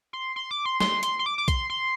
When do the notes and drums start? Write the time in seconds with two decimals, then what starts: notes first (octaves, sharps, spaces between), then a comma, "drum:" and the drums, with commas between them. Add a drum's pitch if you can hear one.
0.13 C6
0.36 C6
0.51 D6
0.65 C6
0.80 C6, drum: snare
1.03 C6, drum: hi-hat
1.19 C6
1.26 D6
1.38 D6
1.48 C6, drum: kick B1, hi-hat
1.70 C6